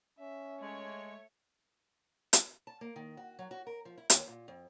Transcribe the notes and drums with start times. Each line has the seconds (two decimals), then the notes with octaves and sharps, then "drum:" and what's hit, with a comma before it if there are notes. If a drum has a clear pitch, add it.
0.19 C#4 E5
0.62 G#3 A3 C#5
2.33 drum: hi-hat
2.67 A5
2.81 A#3
2.96 D#3
3.17 F#4
3.39 F#3
3.51 F#4
3.67 A#4
3.85 F3
3.98 E4
4.10 D#2, drum: hi-hat
4.27 A#2
4.48 F2